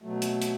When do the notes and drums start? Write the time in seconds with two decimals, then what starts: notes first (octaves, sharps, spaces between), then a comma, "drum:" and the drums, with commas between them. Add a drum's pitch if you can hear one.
0.02 B2 F#3 A3
0.22 drum: hi-hat
0.42 drum: hi-hat